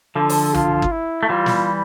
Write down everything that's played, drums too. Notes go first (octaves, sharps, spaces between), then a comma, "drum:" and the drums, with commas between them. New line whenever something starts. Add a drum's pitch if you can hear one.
D3 F3 A4
drum: open hi-hat
F4, drum: tom
drum: kick
E4
A3
E3 G3 F4
drum: snare